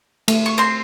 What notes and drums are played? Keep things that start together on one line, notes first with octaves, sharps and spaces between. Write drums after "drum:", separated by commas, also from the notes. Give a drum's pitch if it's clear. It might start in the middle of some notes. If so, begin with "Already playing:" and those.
A3, drum: cymbal
C#6
C4 C6